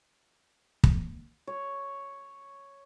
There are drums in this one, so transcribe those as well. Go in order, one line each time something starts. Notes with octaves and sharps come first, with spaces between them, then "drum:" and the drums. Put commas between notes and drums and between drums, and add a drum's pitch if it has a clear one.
drum: kick
C#5